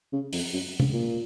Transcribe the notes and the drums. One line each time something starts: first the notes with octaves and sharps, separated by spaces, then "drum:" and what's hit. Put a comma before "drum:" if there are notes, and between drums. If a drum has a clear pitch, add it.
C#3
F2, drum: open hi-hat
F#2
C#3, drum: tom
A#2